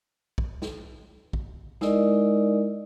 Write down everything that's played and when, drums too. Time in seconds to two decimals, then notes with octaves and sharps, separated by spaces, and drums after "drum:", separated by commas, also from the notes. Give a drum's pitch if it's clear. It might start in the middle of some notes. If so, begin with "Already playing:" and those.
0.38 drum: kick A#1
0.62 drum: snare
1.33 drum: kick A#1
1.81 G#3 D#4 E4 A#4 D5 D#5, drum: snare